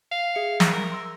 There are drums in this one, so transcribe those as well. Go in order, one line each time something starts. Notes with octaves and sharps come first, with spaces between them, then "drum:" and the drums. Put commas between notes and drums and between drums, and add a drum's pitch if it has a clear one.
F5
G#4 E5 C#7
drum: snare
A#4
C6 E6 A#6